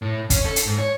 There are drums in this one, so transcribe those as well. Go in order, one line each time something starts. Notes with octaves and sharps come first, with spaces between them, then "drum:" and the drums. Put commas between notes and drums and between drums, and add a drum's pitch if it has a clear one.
A2
C#4, drum: kick, hi-hat
A4
drum: hi-hat
G#2
C#5